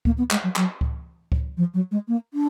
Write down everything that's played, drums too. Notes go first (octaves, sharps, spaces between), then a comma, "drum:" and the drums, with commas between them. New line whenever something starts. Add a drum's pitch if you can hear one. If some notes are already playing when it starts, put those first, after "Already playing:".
A#3, drum: kick C#2
B3
G#3, drum: clap
F#3
F#3, drum: clap
drum: kick C#2
drum: kick C#2
F3
F#3
G#3
A#3
D4